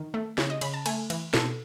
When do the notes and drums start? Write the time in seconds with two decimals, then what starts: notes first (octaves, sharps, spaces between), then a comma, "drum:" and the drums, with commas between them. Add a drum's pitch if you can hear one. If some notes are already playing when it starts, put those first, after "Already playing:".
Already playing: D#3
0.14 A3
0.38 C#3 C#5, drum: snare
0.50 D#5
0.61 C#3 B5, drum: cymbal
0.74 A5
0.86 A3 G#5, drum: cymbal
1.10 E3, drum: cymbal
1.34 B2 A4, drum: snare